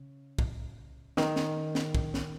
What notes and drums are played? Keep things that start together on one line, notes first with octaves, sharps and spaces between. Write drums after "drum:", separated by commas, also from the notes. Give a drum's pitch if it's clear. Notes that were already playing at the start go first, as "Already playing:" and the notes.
Already playing: C#3
drum: kick
D#3, drum: snare
drum: snare
drum: snare
drum: kick
drum: snare